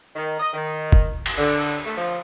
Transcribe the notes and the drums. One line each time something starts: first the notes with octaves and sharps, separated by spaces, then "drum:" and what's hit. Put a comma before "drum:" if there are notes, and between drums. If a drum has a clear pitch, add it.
D#3
D#5
D#3
drum: kick
drum: cymbal
D3
A3
F3